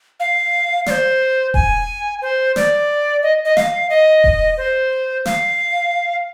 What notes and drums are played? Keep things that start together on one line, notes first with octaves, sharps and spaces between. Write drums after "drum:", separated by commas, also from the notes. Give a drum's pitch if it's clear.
F5
D5, drum: snare
C5
G#5, drum: kick E1
C5
D5, drum: snare
D#5
D#5
F5, drum: snare
D#5
drum: kick E1
C5
F5, drum: snare